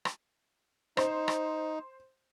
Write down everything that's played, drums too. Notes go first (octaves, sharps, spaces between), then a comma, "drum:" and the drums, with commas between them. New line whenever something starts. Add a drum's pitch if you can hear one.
drum: rim click
D#4 C5, drum: rim click
drum: rim click